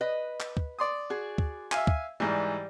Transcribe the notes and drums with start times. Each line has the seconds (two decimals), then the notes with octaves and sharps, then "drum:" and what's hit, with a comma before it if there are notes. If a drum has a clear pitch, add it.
0.01 B4 D#5
0.40 drum: clap
0.57 drum: kick
0.79 D5 C6 D#6
1.10 F#4 G#4
1.38 drum: kick
1.72 E5 F5 G#5, drum: clap
1.87 drum: kick
2.20 G#2 E3 G3